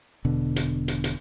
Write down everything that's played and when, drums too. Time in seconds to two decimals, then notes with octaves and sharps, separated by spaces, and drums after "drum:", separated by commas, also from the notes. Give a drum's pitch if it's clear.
0.25 E1 B2 D3
0.56 drum: hi-hat
0.88 drum: hi-hat
1.04 drum: hi-hat